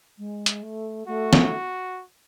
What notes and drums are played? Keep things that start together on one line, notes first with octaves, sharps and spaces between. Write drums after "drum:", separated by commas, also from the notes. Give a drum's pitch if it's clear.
G#3
drum: hi-hat
A3
A3 F#4
drum: snare